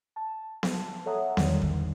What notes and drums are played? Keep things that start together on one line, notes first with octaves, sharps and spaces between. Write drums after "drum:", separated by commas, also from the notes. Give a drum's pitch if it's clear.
A5
drum: snare B3
A4 C#5 E5 F#5 A#5 D#6
E2 D3 D#3 G3, drum: snare B3
drum: kick